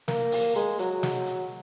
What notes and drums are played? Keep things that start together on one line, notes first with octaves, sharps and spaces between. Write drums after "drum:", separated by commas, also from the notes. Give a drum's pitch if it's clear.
A#3, drum: snare
drum: open hi-hat
G#3, drum: hi-hat
F#3, drum: hi-hat
drum: snare
drum: hi-hat